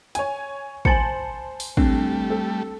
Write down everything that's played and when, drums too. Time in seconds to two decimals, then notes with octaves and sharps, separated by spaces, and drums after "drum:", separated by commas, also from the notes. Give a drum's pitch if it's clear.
0.15 C#5 G#5, drum: hi-hat
0.85 C5 G#5 A5 B5 A6 C#7 F#7, drum: kick
1.60 drum: open hi-hat
1.77 G3 A3 C4 D4, drum: kick
2.30 A4